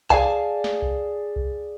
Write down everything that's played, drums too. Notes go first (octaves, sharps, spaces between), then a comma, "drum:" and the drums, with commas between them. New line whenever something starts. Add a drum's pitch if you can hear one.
G#4 A4 D5 F5 G#5 A5, drum: kick C2
drum: snare
drum: kick C2
drum: kick C2